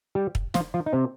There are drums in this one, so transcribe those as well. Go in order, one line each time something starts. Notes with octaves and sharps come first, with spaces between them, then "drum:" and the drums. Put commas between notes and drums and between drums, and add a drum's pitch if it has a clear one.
G3 G4
drum: kick
F3 F4, drum: snare
F3 F4
D#4
C3 C4